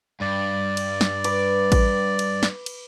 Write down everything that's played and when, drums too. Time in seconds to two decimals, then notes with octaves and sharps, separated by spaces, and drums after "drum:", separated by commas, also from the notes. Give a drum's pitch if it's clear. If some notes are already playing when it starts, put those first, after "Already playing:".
0.21 G2 D5
0.77 drum: cymbal
1.01 drum: snare
1.24 B4 D6, drum: cymbal
1.72 drum: kick A1, cymbal
2.19 drum: cymbal
2.43 drum: snare
2.66 drum: cymbal